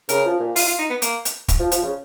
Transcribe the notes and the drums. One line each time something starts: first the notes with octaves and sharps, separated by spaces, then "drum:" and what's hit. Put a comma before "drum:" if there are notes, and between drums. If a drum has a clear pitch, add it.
C#3 A#4, drum: hi-hat
F3
A#2
F4, drum: open hi-hat
F4
D#4
B3
A#3, drum: hi-hat
drum: hi-hat
drum: kick, hi-hat
F3
F3, drum: hi-hat
C#3